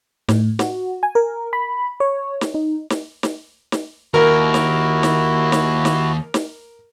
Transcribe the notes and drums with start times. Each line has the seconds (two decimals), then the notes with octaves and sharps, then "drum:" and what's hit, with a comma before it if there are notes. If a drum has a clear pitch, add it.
0.29 A2, drum: snare
0.59 F#4, drum: snare
1.03 G#5
1.15 A#4
1.53 B5
2.00 C#5
2.41 drum: snare
2.54 D#4
2.90 drum: snare
3.23 drum: snare
3.72 drum: snare
4.14 D#2 E4 F#4 A#4
4.54 drum: snare
5.03 drum: snare
5.52 drum: snare
5.85 drum: snare
6.34 drum: snare